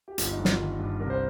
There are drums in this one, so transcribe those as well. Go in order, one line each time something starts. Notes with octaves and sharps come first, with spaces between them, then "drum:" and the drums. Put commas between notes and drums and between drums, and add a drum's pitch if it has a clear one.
G4
G1 F4, drum: hi-hat
D#4
G1
F4, drum: snare
D#3
G2
C2 A#4
C5